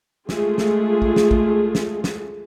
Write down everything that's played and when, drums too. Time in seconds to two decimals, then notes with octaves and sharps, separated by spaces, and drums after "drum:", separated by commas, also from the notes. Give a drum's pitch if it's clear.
0.29 G#3 A3 F4 G#4, drum: snare
0.58 drum: snare
1.02 drum: kick
1.16 drum: snare
1.31 drum: kick
1.75 drum: snare
2.04 drum: snare